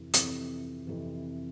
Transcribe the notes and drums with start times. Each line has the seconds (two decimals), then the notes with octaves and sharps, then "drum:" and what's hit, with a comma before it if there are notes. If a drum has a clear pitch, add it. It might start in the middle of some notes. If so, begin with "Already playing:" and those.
Already playing: F2 C3 E3
0.14 F2 C3 E3, drum: hi-hat
0.87 F2 C3 E3